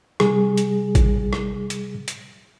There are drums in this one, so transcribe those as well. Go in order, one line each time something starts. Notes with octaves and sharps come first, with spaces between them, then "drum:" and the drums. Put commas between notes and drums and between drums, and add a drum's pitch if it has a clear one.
C3 G3 G#4, drum: rim click
drum: hi-hat
drum: kick G#1, hi-hat
drum: rim click
drum: hi-hat
drum: hi-hat